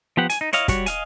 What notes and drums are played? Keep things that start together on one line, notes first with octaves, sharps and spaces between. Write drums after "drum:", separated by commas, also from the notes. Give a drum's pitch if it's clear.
F3 B3 G4 F#5
G#5, drum: hi-hat
D#4
E4 C#5 D#5 F5, drum: hi-hat
G3 F#4 C#5, drum: kick, hi-hat
D#5 F5 G#5, drum: hi-hat